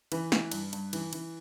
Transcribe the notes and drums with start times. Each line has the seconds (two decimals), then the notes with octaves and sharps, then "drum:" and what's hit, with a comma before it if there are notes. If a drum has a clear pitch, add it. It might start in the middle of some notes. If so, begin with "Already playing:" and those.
0.12 E3 B4, drum: cymbal
0.32 E3, drum: snare
0.51 G2, drum: cymbal
0.73 G2, drum: cymbal
0.93 E3, drum: cymbal
1.13 E3, drum: cymbal